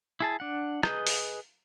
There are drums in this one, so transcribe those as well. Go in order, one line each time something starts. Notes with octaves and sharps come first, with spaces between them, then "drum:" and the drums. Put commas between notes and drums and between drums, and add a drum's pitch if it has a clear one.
E4 G#4 A5
D4 F#5
G#4 B4 D#5 D#6 G6, drum: rim click
drum: open hi-hat